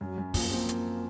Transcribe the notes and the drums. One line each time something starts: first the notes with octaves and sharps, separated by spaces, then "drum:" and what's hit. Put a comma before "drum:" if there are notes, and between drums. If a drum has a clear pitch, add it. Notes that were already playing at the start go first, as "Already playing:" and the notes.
F#2 F#3
F#2
F3 A#3, drum: kick, open hi-hat
A#3 C4
drum: hi-hat